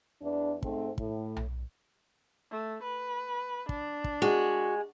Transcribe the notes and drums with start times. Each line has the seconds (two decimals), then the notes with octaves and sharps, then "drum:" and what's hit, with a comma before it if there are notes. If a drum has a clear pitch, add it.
0.22 E2 D4
0.63 G#2 A3 C4, drum: kick
0.98 A2, drum: kick
1.36 drum: tom B1
2.51 A3
2.83 B4
3.69 D4, drum: kick
4.04 drum: kick
4.22 G#3 F#4